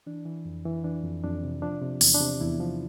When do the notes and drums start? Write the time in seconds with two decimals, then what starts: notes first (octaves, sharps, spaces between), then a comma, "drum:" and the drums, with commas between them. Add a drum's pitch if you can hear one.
0.07 E3 D4
0.26 E3
0.45 F2
0.65 E3
0.84 E3 D4
1.04 F2
1.24 F2 D4
1.43 C3
1.62 F3 D4
1.82 C3
2.01 E2, drum: open hi-hat
2.15 D4
2.21 C3
2.40 E2 E4
2.60 F3